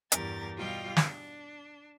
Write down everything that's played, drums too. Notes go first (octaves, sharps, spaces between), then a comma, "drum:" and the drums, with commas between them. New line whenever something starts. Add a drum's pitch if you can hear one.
E2 G2 G4 A#4 A6, drum: hi-hat
B2 G3 F4 D#5 F5 G5
drum: snare
D4